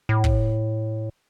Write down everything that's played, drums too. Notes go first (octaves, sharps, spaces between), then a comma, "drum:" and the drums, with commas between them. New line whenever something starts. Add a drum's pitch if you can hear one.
A2
drum: kick